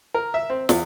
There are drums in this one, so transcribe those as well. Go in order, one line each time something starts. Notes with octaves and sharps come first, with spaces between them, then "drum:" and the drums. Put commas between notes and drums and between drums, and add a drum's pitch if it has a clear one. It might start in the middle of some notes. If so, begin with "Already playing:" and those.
A#4
E5
C4
E2, drum: snare